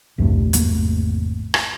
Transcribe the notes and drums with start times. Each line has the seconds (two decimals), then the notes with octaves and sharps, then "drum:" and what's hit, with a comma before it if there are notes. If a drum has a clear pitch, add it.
0.18 A#1 E2 G2 C3 A3
0.53 G#1 A3 A#3, drum: hi-hat
1.54 drum: rim click